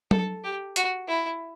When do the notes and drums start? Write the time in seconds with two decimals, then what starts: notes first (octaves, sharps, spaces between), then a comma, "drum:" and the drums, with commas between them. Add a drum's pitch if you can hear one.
0.11 A4, drum: tom F#3
0.44 G4
0.76 F#4, drum: hi-hat
1.08 E4